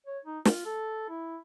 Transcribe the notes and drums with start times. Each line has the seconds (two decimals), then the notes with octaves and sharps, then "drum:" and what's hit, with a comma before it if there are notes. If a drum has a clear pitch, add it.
0.07 C#5
0.25 D#4
0.45 F4, drum: snare
0.65 A4
1.09 E4